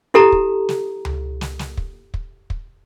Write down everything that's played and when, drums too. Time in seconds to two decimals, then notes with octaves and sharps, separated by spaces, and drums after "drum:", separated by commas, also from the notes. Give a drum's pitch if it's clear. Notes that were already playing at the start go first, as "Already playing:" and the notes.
0.14 E4 G4 A4 A5 A#5
0.32 drum: kick
0.69 drum: snare
1.05 drum: tom C#2
1.41 drum: snare
1.59 drum: snare
1.77 drum: kick
2.14 drum: kick
2.50 drum: kick